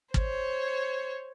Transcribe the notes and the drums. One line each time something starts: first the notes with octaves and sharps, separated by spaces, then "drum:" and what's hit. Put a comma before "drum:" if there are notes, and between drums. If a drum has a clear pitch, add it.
C5 C#5, drum: kick